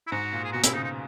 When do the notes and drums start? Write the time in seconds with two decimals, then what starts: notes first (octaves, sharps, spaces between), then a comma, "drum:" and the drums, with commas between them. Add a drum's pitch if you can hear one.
0.07 E4
0.11 G#2 F#4
0.33 A#2
0.44 G#4
0.52 B2 F#4
0.64 E4, drum: hi-hat
0.73 C#3 D#4
0.84 D#4